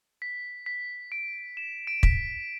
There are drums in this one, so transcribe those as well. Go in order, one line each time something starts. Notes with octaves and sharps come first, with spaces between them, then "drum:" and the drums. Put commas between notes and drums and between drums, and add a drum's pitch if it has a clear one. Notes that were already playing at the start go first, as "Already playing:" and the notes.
B6
B6
D7
E7
D7
B6, drum: kick